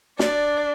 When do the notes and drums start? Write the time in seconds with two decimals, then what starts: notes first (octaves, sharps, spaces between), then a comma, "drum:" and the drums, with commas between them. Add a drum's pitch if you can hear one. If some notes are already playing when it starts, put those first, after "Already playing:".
0.19 D4 D5, drum: snare